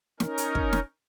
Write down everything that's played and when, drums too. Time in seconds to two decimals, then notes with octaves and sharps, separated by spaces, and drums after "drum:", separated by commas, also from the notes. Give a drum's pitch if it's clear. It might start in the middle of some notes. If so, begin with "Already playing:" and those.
0.20 C#4 D#4 A#4, drum: snare
0.38 drum: hi-hat
0.55 drum: kick
0.73 drum: snare